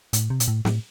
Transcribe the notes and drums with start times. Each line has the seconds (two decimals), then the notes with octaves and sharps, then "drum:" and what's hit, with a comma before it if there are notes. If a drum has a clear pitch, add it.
0.13 A2, drum: hi-hat
0.30 C3
0.40 A#2, drum: hi-hat
0.48 A2
0.65 A2, drum: snare